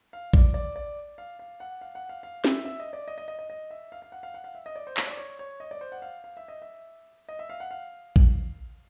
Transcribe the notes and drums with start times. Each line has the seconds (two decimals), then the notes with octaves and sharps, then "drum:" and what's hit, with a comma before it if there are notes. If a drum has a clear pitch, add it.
0.13 F5
0.34 D5, drum: kick A#1
0.54 D5
0.76 D5
1.18 F5
1.39 F5
1.60 F#5
1.81 F5
1.95 F#5
2.09 F5
2.23 F5
2.45 E5, drum: snare
2.65 E5
2.80 D#5
2.93 D5
3.08 D#5
3.18 D#5
3.28 D#5
3.39 D#5
3.50 D#5
3.70 E5
3.92 F5
4.02 F5
4.12 F#5
4.23 F5
4.34 F#5
4.44 F5
4.55 E5
4.66 D#5
4.76 D5
4.87 C5
4.97 C#5, drum: clap
5.07 D5
5.17 C#5
5.39 C#5
5.60 D#5
5.71 D5
5.81 C5
5.92 F#5
6.02 F5
6.24 F5
6.37 E5
6.48 D#5
6.62 E5
7.29 D#5
7.39 E5
7.50 F5
7.60 F#5
7.71 F5
8.16 drum: kick A#1